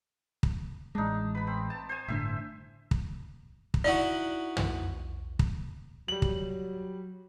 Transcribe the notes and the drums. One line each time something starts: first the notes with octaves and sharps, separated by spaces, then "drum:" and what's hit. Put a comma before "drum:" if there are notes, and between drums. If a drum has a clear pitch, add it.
drum: kick
A1 G#3 D4 D#4
B4 B5
C4
A5
C5 G#5
G1 A2 D3 E5
drum: kick
drum: kick
D#4 E4 F#4 D5
drum: tom
drum: kick
F#3 G3 F#7
drum: kick